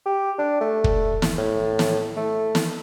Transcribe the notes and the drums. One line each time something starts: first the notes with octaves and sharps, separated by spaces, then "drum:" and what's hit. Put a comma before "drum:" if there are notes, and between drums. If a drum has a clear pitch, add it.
G4
D4
A3
drum: kick
drum: snare
A2
drum: snare
A3
drum: snare